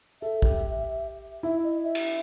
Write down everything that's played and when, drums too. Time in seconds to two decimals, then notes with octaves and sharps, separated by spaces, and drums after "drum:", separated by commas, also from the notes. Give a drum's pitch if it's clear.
0.22 A4 E5
0.42 G4, drum: kick A#1
1.43 E4 E5
1.64 D#5
1.84 E5
1.95 drum: cymbal